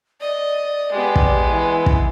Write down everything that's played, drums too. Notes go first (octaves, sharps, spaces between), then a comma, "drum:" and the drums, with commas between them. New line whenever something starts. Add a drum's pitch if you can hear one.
D5 D#5
G#3 B3 G4
drum: kick
E3
drum: kick